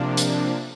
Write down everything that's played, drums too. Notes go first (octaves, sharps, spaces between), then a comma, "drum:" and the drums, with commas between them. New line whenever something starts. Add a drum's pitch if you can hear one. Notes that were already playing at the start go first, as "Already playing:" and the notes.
Already playing: C3 F3 A#3 D4
drum: hi-hat